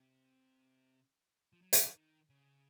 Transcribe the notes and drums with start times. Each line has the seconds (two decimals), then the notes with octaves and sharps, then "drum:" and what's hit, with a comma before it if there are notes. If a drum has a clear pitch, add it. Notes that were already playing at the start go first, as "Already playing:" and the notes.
Already playing: C3
1.53 F3
1.62 F#3
1.73 drum: hi-hat
1.96 D#3
2.30 C#3